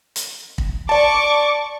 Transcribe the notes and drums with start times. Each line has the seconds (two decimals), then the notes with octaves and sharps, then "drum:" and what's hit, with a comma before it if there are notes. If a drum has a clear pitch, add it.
0.16 drum: hi-hat
0.58 drum: kick
0.89 D5 A5 C#6 D6